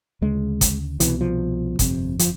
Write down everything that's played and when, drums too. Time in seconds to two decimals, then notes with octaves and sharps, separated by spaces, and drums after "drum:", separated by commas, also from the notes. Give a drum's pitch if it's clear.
0.22 D2 C#3 G#3
0.61 drum: kick, hi-hat
1.00 C2 B2 E3, drum: hi-hat
1.21 F3
1.79 G1 F2 C3, drum: kick, hi-hat
2.19 F3, drum: hi-hat